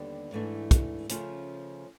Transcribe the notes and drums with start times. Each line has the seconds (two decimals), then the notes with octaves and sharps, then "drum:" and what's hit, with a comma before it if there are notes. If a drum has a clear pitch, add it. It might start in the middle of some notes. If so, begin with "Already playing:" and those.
Already playing: D#2 D3 G3 B3
0.32 G#2 E3 A3 D4
0.71 drum: kick, hi-hat
1.09 C#3 F3 A3 C#4 F4, drum: hi-hat